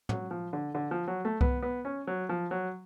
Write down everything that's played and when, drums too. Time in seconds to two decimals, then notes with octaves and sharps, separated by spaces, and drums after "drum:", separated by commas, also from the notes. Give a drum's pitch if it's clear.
0.09 F#3, drum: tom
0.31 F3
0.53 D3
0.75 D3
0.91 F3
1.08 F#3
1.25 A3
1.41 B3, drum: kick C2
1.63 B3
1.85 C#4
2.07 F#3
2.29 F3
2.51 F#3